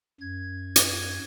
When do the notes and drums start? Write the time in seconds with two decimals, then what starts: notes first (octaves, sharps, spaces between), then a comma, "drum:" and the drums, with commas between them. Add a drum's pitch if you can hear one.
0.21 F#2 G#6
0.76 drum: hi-hat